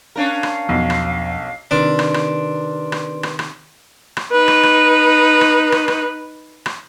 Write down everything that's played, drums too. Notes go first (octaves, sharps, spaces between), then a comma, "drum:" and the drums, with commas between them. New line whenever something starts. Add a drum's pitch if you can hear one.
C#4 D4 A#4 F5
drum: rim click
B1 E2 F3
drum: rim click
C3 D#3 D4 B4 C6
drum: rim click
drum: rim click
drum: rim click
drum: rim click
drum: rim click
drum: rim click
D#4 B4
drum: rim click
drum: rim click
drum: rim click
drum: rim click
drum: rim click
drum: rim click